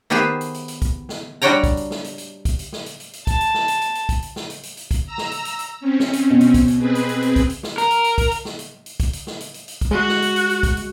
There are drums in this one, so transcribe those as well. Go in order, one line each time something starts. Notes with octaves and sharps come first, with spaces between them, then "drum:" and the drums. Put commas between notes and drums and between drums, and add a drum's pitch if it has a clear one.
D#3 B3 G4 G#4 B4 C5
drum: hi-hat
drum: hi-hat
drum: hi-hat
drum: kick, hi-hat
drum: snare
G3 D4 F#4 C#5 G5 A#5
drum: kick, hi-hat
drum: hi-hat
drum: snare
drum: hi-hat
drum: hi-hat
drum: kick, hi-hat
drum: hi-hat
drum: snare
drum: hi-hat
drum: hi-hat
drum: hi-hat
A5, drum: kick, hi-hat
drum: hi-hat
drum: snare
drum: hi-hat
drum: hi-hat
drum: hi-hat
drum: kick, hi-hat
drum: hi-hat
drum: snare
drum: hi-hat
drum: hi-hat
drum: hi-hat
drum: kick, hi-hat
A#5 E6
drum: snare
drum: hi-hat
drum: hi-hat
drum: hi-hat
C4 C#4
drum: snare
drum: hi-hat
B2
drum: hi-hat
drum: kick, hi-hat
drum: hi-hat
C4 G#4 B4
drum: hi-hat
drum: hi-hat
drum: hi-hat
drum: kick, hi-hat
drum: hi-hat
drum: snare
A#4, drum: hi-hat
drum: hi-hat
drum: hi-hat
drum: kick, hi-hat
drum: hi-hat
drum: snare
drum: hi-hat
drum: hi-hat
drum: kick, hi-hat
drum: hi-hat
drum: snare
drum: hi-hat
drum: hi-hat
drum: hi-hat
drum: kick, hi-hat
G#3 F#4
drum: snare
drum: hi-hat
drum: hi-hat
drum: hi-hat
drum: kick, hi-hat
drum: hi-hat